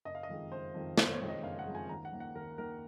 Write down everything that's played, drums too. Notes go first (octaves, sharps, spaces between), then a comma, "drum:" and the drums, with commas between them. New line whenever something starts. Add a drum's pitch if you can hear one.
F#1 D#5
F5
D#5
F2 D#3 G#3
F#1 C5
F2 D#3 G#3
F#1 C5, drum: snare
C#5
F2 D#3 G#3
D#5
F#1 F5
F#5
F2 D#3 G#3
G#5
D#2 A#5
F#5
D#3 A#3
F#5
D#2 A#4
D#3 A#3 A#4